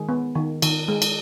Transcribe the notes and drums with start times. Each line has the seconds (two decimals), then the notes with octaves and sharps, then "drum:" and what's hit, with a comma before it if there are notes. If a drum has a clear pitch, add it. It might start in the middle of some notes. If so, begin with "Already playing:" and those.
Already playing: D#3 G#3 G#4
0.09 B3
0.35 D#3
0.62 D#3, drum: cymbal
0.88 G#3
1.02 drum: cymbal